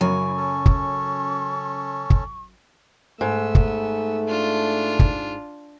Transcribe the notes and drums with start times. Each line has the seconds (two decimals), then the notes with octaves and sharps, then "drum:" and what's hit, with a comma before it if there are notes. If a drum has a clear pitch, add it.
0.01 F#2 C#3 E4 G#5 C#6
0.37 C#4 A4
0.66 drum: kick
2.10 drum: kick
3.21 G#2 A3 B3 E6
3.55 drum: kick
4.27 D4 F4
4.99 drum: kick